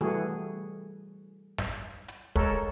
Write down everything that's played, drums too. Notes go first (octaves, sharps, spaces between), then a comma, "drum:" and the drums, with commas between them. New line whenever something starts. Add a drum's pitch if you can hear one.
E3 G3 A3 F#4 G#4
drum: snare
drum: hi-hat
G#3 A4 A#4 C#5, drum: kick